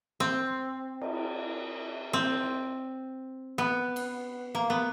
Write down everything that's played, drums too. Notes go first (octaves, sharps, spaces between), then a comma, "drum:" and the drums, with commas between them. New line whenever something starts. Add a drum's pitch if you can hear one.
C4
drum: cymbal
C4
B3
drum: cymbal
A#3
B3